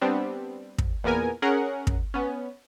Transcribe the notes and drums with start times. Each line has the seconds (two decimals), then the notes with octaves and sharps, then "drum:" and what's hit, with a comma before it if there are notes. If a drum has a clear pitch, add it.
0.01 G3 B3 C4 D4
0.78 drum: kick
1.04 E2 A#2 B3 A#4 G#5
1.42 C#4 G#4 A#4 F#5
1.87 drum: kick
2.14 B3 C#4